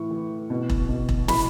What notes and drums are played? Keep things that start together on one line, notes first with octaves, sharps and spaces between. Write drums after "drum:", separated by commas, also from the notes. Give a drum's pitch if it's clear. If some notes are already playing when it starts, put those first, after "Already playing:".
Already playing: A2 E3 C#6
E3
B2
drum: kick E1
B2
drum: kick E1
E3 B5, drum: snare